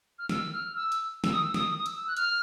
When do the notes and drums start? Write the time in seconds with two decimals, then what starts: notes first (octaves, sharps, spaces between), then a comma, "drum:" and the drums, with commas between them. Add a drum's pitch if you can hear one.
0.19 F6
0.29 E6, drum: snare
0.53 F6
0.76 E6
0.92 drum: hi-hat
1.24 E6, drum: snare
1.32 D#6
1.42 E6
1.54 D#6, drum: snare
1.76 D#6
1.86 E6, drum: hi-hat
2.07 F#6
2.17 F6, drum: hi-hat